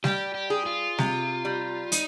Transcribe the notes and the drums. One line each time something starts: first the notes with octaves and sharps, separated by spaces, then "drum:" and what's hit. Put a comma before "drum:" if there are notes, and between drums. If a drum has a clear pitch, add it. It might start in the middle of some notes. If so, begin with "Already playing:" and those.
G3 G4, drum: snare G3
G4
G#4
F4
C3, drum: snare G3
G3
D#4, drum: hi-hat